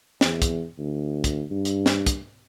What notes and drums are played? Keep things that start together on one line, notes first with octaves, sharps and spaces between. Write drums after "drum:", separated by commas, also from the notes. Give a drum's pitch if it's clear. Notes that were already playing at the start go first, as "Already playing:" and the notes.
E2, drum: snare
drum: kick, hi-hat
D2
drum: kick, hi-hat
G2
drum: hi-hat
drum: snare
drum: kick, hi-hat